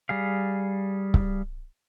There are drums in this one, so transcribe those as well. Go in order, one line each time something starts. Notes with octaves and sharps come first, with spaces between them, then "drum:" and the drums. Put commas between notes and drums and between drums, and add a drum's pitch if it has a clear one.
G3 G#4 F5
drum: kick C#1